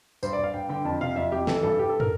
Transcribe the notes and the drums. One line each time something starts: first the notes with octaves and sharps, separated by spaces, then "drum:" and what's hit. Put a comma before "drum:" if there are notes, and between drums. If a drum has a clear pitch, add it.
G2 C5, drum: tambourine
D5
G2
F5
G2 G5
D3 G5
F2 A5
C3 F5
F2 E5
F2 G4
E3 A4, drum: snare
G2 A4
G2 G4
A4
A#4, drum: tom